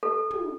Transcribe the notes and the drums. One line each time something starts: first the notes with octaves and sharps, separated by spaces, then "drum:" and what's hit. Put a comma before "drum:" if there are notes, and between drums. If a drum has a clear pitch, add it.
A4
drum: tom